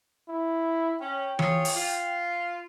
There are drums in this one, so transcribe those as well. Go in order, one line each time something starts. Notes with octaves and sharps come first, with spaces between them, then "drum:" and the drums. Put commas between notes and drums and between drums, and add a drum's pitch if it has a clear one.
E4
C#4 G5
F4 G#4 C#5, drum: tom E3
drum: open hi-hat
F4